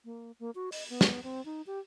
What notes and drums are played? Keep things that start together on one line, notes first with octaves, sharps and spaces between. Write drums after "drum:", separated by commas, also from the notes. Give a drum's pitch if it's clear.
A#3
A#3
F#4
D#5, drum: open hi-hat
B3
drum: snare
C4
D#4
G4